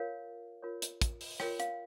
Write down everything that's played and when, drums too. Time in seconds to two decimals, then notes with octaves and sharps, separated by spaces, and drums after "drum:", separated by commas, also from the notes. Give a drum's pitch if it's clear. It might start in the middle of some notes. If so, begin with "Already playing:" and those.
Already playing: F4 A#4 C#5 F5
0.62 F4 A#4 C#5
0.82 drum: hi-hat
1.01 drum: kick, hi-hat
1.21 drum: open hi-hat
1.40 F4 A#4 C#5 G5, drum: rim click
1.60 F5, drum: hi-hat